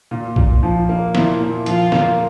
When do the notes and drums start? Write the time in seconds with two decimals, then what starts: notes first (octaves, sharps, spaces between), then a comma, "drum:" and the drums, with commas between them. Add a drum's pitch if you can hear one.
0.11 A#2
0.36 A#2, drum: kick
0.63 F3
0.89 A#3
1.15 A#2 E4, drum: snare
1.40 A#2
1.66 F3 F4, drum: hi-hat
1.92 A#3, drum: snare